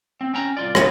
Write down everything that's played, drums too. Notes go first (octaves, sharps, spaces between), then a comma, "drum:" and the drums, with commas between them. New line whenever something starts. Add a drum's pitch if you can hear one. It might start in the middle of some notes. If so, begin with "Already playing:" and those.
C4
C#4 G5 A#5
C2 C#3 F4 D5
C#3 B3, drum: rim click